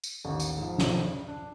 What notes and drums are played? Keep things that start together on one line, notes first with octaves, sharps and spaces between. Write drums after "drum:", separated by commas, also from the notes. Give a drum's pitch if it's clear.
drum: tambourine
A1 D#2
drum: tambourine
G#2 F3
A#1 F2 C3 D#3 F3, drum: snare
C#3
D4